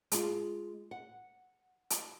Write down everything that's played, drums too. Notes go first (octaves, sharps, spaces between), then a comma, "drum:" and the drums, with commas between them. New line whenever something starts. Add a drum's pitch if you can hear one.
G#3 F4, drum: hi-hat
F#5
drum: hi-hat